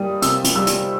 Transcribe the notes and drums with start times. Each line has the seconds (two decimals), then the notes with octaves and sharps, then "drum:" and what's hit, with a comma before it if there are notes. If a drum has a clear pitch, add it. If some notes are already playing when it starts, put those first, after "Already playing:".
Already playing: G3 A#3 D#6
0.22 C3 E6, drum: hi-hat
0.44 drum: hi-hat
0.56 G3 E6
0.67 drum: hi-hat